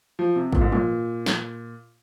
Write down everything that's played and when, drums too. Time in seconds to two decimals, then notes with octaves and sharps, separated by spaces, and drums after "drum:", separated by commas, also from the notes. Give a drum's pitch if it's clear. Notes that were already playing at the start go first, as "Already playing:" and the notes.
0.19 F3
0.36 C3
0.52 A#2, drum: kick
0.61 G#2
0.72 A#2, drum: tom
1.26 drum: snare